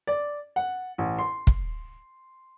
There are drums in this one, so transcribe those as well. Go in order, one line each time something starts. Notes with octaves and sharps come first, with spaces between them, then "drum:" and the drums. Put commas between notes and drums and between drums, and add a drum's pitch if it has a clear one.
D5
F#5
A1
C6
drum: kick